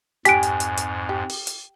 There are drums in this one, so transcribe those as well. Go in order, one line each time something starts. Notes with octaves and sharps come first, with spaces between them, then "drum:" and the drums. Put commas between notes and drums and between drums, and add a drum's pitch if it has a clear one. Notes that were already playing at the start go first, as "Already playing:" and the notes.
F2 G#2 G4 G#5 F#6 B6 D7, drum: hi-hat
drum: hi-hat
drum: hi-hat
drum: hi-hat
G4
drum: open hi-hat
drum: hi-hat